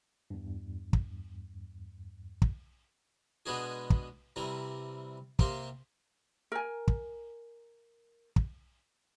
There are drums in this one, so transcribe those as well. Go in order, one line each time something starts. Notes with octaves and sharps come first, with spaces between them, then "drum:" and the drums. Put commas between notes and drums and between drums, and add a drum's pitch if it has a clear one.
E2 G2
drum: kick
drum: kick
B2 G#3 B3 D4 F#4 G#4
drum: kick
C3 E3 G3 A#5
C3 A#3 G4 C6, drum: kick
A#4 G#5
drum: kick
drum: kick